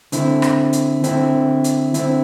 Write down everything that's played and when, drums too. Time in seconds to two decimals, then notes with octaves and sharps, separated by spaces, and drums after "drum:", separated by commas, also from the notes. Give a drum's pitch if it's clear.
0.12 D3 C4 E4, drum: hi-hat
0.42 drum: rim click
0.73 drum: hi-hat
1.04 D3 C4 E4, drum: hi-hat
1.64 drum: hi-hat
1.94 D3 C4 E4, drum: hi-hat